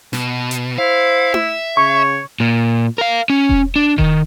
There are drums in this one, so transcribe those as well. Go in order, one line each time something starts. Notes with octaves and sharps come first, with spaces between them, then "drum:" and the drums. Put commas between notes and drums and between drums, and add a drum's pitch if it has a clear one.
B2, drum: snare
drum: hi-hat
E4 C5 F5
E5, drum: tom E4
C#3 C#5 C#6
A#2
A#4 F5
C#4
drum: kick E1
D4
D#3, drum: kick E1